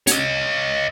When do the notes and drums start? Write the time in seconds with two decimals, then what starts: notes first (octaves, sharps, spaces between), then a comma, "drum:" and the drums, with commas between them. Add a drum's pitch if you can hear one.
0.07 C#5 D#5, drum: hi-hat